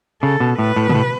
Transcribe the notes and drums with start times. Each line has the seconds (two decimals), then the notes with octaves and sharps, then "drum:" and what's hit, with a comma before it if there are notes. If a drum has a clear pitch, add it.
0.22 C#3 A4
0.40 B2
0.59 A2 B4
0.76 A2
0.89 B2, drum: tom
0.94 A2